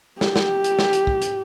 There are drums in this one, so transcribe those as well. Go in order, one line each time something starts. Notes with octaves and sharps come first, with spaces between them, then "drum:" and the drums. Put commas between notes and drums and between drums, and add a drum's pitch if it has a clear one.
G4, drum: snare
drum: snare
drum: hi-hat
drum: snare
drum: hi-hat
drum: kick
drum: hi-hat